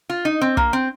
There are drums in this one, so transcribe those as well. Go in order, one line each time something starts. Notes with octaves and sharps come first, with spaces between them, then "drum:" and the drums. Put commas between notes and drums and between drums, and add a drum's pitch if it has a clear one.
F4
D#4
C4
A#3, drum: kick
C4